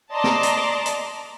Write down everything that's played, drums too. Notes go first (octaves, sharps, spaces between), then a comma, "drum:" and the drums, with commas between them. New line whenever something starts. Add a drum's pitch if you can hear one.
D5 D#5 A5 A#5 C6 D6
drum: snare
drum: hi-hat
drum: hi-hat